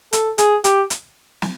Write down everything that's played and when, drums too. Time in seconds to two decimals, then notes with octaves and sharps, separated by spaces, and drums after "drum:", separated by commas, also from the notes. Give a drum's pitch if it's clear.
0.13 A4, drum: hi-hat
0.38 G#4, drum: hi-hat
0.64 G4, drum: hi-hat
0.90 drum: hi-hat
1.42 drum: snare